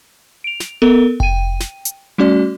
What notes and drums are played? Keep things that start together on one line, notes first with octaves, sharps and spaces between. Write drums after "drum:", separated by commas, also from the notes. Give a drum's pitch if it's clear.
D7 F7
drum: snare
B3 A4 A#4
G5 D#7, drum: kick F1
drum: snare
drum: hi-hat
G3 A3 C#4 F#4 D5